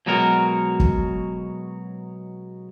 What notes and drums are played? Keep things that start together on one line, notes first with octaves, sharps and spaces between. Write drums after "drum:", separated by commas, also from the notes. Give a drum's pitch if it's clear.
B2 F#3 G#3 F#4 A#4
drum: kick